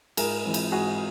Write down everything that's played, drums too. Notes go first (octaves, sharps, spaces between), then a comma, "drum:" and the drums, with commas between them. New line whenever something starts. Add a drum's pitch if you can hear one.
G#2 G#4 A#4, drum: cymbal
E3 G#3 C4
drum: cymbal
G#2 F#4 G#4